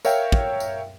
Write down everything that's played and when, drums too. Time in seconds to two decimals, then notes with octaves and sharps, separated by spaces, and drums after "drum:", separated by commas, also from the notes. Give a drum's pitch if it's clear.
0.05 A#4 C#5 E5 F5 G5, drum: tambourine
0.32 drum: kick
0.60 drum: tambourine